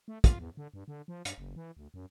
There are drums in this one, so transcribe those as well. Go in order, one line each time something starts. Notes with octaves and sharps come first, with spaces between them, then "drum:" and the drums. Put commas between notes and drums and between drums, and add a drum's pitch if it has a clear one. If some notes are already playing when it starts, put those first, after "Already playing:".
A3
F4, drum: kick, hi-hat
E2
D3
G2
D3
F3
G2, drum: hi-hat
F#1
E3
D2
F#2